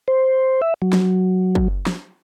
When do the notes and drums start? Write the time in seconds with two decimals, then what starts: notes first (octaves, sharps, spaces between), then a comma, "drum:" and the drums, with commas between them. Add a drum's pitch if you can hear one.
0.08 C5
0.62 E5
0.82 F#3
0.93 drum: snare
1.55 drum: kick
1.87 drum: snare